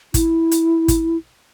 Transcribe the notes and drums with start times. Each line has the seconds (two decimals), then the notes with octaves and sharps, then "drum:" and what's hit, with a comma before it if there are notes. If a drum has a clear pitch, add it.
0.14 E4, drum: kick, hi-hat
0.51 drum: hi-hat
0.88 drum: kick, hi-hat